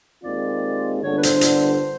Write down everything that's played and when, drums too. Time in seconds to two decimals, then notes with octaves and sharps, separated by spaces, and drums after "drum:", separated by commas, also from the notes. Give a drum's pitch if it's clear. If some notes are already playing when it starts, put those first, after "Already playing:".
0.23 D#2 D#3 G#3 C4 F4 D5
1.03 G1 G2 D3 C#5
1.18 B4
1.23 C5, drum: hi-hat
1.41 drum: hi-hat